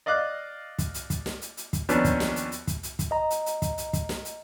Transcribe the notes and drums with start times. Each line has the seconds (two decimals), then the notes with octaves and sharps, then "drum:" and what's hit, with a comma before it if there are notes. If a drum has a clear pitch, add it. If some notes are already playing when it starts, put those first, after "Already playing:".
0.06 D5 D#5 F5 D6 F#6
0.79 drum: kick, hi-hat
0.94 drum: hi-hat
1.10 drum: kick, hi-hat
1.26 drum: snare
1.42 drum: hi-hat
1.57 drum: hi-hat
1.73 drum: kick, hi-hat
1.89 D#2 F3 B3 C#4 D4, drum: hi-hat
2.04 drum: kick, hi-hat
2.20 drum: snare
2.36 drum: hi-hat
2.52 drum: hi-hat
2.67 drum: kick, hi-hat
2.83 drum: hi-hat
2.99 drum: kick, hi-hat
3.11 D#5 A#5
3.30 drum: hi-hat
3.46 drum: hi-hat
3.62 drum: kick, hi-hat
3.78 drum: hi-hat
3.93 drum: kick, hi-hat
4.09 drum: snare
4.25 drum: hi-hat